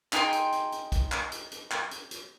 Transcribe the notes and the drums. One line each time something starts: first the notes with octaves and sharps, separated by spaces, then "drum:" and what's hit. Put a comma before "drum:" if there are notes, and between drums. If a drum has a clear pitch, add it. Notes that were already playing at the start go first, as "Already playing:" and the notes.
D#4 G#4 G5 C6, drum: clap
drum: hi-hat
drum: hi-hat
drum: hi-hat
drum: kick, hi-hat
drum: clap
drum: hi-hat
drum: hi-hat
drum: clap
drum: hi-hat
drum: hi-hat